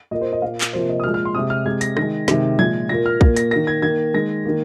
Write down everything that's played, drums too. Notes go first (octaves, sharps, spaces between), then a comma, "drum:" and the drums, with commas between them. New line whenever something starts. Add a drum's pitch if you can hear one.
A#2 A#3 D#5
C5
D#5
A#2 A#3 F5
drum: clap
C3 F3 A#3 C5
D#5
D#6
A#2 F3 G#3 F6
F6
C6
C3 G#3 D#6
F6
C3 G#3 G#6
A#6, drum: hi-hat
D#3 A#6, drum: rim click
G#3
C3 D#3 G#3, drum: snare
A#2 F3 G#3 G#6, drum: tom F3
A#2 A#3 A#6
F6
A#2 A#3, drum: kick
A#6, drum: hi-hat
D#3 A#3 A#6
G#6
D#3 A#3 G#6
D#3 G#3 A#6
D#3 A#3